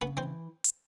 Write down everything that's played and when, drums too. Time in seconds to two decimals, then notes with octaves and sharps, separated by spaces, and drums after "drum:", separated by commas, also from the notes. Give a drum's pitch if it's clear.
0.01 C#3 B3 B4
0.17 E3 C4 C5
0.64 drum: hi-hat